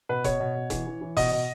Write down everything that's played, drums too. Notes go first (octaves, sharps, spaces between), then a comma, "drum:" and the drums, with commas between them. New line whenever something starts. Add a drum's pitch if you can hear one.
B2 B4
B2 C#5, drum: kick E1, hi-hat
B2
B2
E3, drum: kick E1, hi-hat
E3
E3
B2 D#5, drum: kick E1, open hi-hat
B2